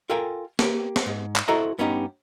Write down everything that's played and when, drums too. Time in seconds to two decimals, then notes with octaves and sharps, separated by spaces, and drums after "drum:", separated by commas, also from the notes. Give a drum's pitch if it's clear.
0.10 F4 A4 A#4 F5 G5 G#5
0.59 A#3 G4, drum: snare
0.96 drum: snare
1.06 G#2
1.36 drum: clap
1.48 E4 F#4 A4 C5 D#5 A#5
1.78 G2 B3 C#4 D#4 F4 G4